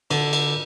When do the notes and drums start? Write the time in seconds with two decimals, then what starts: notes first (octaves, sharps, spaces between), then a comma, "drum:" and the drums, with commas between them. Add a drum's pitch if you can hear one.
0.11 D3, drum: cymbal
0.33 drum: cymbal